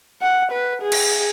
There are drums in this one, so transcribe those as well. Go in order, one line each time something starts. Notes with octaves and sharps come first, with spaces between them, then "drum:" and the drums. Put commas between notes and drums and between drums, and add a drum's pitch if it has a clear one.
F#5
B4
G#4
drum: cymbal